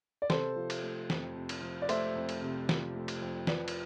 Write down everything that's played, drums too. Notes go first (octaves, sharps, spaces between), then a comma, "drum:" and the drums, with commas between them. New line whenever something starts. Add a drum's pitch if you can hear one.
D5
C3 A4 C5, drum: snare
F3
drum: cymbal
A3
F2, drum: snare
C3
drum: cymbal
F3
D5
A3 C5 E5, drum: cymbal
F2
drum: cymbal
C3
F3, drum: snare
A3
drum: cymbal
F2
F3 B4 D5, drum: snare
drum: cymbal